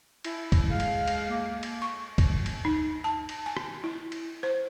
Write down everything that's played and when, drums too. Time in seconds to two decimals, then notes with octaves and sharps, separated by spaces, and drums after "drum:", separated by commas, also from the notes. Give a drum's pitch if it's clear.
0.24 E4, drum: cymbal
0.52 drum: kick, cymbal
0.70 G#3 F5
0.80 drum: cymbal
1.07 drum: cymbal
1.28 A#3
1.63 drum: cymbal
1.82 C#6
2.18 drum: kick, cymbal
2.46 drum: cymbal
2.65 D#4
3.04 A5
3.29 drum: cymbal
3.46 G#5
3.57 drum: rim click
3.84 E4
4.12 drum: cymbal
4.43 C5